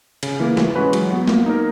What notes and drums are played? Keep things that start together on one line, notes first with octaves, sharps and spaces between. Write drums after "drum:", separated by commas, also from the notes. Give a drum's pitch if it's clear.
C#3, drum: cymbal
E3 A#3
E3, drum: snare
G#3 C#4 F#4 B4
F#3, drum: cymbal
B3 F#4
A#3, drum: snare
D#4 A#4